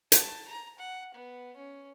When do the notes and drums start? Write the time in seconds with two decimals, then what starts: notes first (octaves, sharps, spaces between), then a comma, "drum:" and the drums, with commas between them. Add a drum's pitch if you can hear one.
0.12 A5, drum: hi-hat
0.48 A#5
0.79 F#5
1.14 B3
1.56 C#4